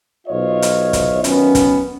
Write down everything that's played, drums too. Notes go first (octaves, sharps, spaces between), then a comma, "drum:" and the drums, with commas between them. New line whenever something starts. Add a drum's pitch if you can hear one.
B1 F4 C5 C#5 D#5 E5
drum: hi-hat
drum: kick, hi-hat
F#2 D#3 B3 C#4, drum: hi-hat
drum: kick, hi-hat